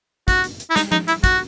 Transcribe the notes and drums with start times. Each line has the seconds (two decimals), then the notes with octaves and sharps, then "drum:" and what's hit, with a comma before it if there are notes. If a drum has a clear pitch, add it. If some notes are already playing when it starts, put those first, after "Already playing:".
0.28 F#4, drum: kick, hi-hat
0.44 drum: hi-hat
0.60 drum: hi-hat
0.70 E4
0.76 D#4, drum: snare
0.92 D#4, drum: tom F3
1.08 E4, drum: hi-hat
1.24 F#4, drum: kick, hi-hat